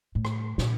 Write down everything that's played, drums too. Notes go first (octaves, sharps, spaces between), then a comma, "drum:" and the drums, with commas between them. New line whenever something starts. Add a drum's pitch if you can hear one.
A2
drum: rim click
A#2, drum: snare